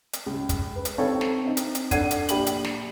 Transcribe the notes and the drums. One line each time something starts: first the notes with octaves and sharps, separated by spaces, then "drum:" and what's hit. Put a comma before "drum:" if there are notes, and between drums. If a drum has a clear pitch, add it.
drum: hi-hat
C#2
drum: kick, hi-hat
B4
drum: hi-hat
C4 D#4 A4 C#5 F5
drum: snare
C4 D#4
drum: hi-hat
drum: hi-hat
D4 A4 F#5 G#6 C7 D#7, drum: kick, hi-hat
drum: hi-hat
A#1 D4 G4 B5 F#7, drum: hi-hat
drum: hi-hat
drum: snare